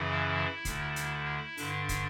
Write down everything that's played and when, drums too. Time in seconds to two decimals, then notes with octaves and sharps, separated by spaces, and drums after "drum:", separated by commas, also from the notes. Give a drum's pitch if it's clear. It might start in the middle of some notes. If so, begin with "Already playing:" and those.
Already playing: F#2 C#3 E3 E4
0.65 D2 D3, drum: kick, hi-hat
0.96 drum: hi-hat
1.57 G2 D3 D4, drum: open hi-hat
1.89 drum: kick, hi-hat